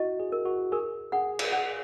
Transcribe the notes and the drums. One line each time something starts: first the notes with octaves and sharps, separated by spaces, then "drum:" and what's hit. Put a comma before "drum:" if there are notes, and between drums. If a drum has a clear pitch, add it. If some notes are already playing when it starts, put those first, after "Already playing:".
Already playing: E4 F#4 D#5
G#4
A#4
F#4
G#4 A#4
G#4 F#5
drum: cymbal
F#5